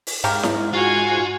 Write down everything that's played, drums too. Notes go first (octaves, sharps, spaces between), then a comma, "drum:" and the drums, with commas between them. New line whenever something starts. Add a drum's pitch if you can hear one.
drum: open hi-hat
G#2 C#3 G4 A#4
drum: snare E4
F4 F#4 G#5